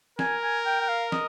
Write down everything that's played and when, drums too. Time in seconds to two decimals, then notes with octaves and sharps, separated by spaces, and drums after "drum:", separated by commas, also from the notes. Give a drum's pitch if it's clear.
0.19 A#4 G#5, drum: snare
0.43 G#5
0.66 G5
0.81 G5
0.88 F5
1.12 D#5, drum: snare